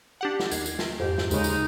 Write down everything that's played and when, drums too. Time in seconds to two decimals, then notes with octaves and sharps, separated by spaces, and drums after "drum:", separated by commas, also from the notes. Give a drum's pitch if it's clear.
0.21 D4 G4 F#5
0.40 drum: snare
0.51 D#2 G#6 C7, drum: tambourine
0.66 drum: tambourine
0.79 drum: snare
1.00 F2 G#2 G4
1.18 drum: snare
1.31 D#2 C#3 G#3 D#4, drum: tambourine
1.44 drum: tambourine